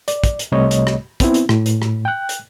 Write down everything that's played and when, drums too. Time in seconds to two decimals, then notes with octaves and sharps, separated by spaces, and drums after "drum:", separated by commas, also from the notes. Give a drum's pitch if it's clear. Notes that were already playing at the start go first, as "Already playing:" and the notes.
0.08 D5, drum: hi-hat
0.24 drum: kick, hi-hat
0.39 drum: hi-hat
0.52 C2 C3 G3 A3 C#5 D#5
0.71 drum: hi-hat
0.87 drum: rim click
1.20 B3 C4 E4, drum: kick, hi-hat
1.34 drum: hi-hat
1.49 A2, drum: rim click
1.66 drum: hi-hat
1.82 drum: rim click
2.05 G5 F#6
2.29 drum: hi-hat